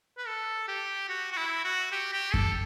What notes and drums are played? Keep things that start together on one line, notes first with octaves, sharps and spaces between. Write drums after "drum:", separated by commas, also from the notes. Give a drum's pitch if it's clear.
B4
A4
G4
F#4
F#4
E4
F#4
G4
G4
A4, drum: kick F#2